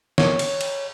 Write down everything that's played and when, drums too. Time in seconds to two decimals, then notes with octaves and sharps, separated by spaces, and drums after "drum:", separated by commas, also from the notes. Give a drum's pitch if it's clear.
0.18 C#5, drum: snare
0.39 drum: cymbal
0.61 drum: cymbal